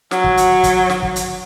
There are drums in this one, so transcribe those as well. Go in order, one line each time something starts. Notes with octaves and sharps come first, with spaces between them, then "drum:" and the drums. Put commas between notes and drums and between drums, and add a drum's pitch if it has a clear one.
F#3, drum: snare
drum: kick
drum: hi-hat
drum: kick, hi-hat
drum: snare
drum: kick
drum: hi-hat